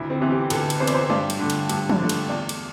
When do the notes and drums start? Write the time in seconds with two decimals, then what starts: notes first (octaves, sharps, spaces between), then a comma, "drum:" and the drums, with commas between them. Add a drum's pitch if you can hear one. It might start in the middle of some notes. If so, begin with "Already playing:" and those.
Already playing: D2 E4
0.10 C4
0.20 C3 E3 B3
0.31 G4
0.50 D2 A4, drum: cymbal
0.70 drum: cymbal
0.80 C3 E3 B3 C5
0.87 D5, drum: cymbal
0.94 C5
1.10 G2 D5, drum: tom
1.30 drum: cymbal
1.39 D3 A3
1.50 drum: cymbal
1.69 G2, drum: cymbal
1.90 drum: tom
1.99 D3 A3
2.09 drum: cymbal
2.29 E2 D5
2.49 drum: cymbal